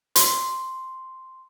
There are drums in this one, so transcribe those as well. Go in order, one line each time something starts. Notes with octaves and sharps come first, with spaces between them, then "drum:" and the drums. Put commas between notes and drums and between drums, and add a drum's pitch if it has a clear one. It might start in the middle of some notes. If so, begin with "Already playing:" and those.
C6, drum: hi-hat